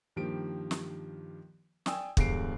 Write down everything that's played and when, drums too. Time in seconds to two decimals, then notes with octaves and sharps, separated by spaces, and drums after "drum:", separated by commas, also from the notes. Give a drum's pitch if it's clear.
0.16 G2 D#3 F3 A#3 G4 D7
0.71 drum: snare
1.86 D5 G5 G#5 D#6 E6, drum: snare
2.17 G1 E2 G3 G#3 C7 D7, drum: kick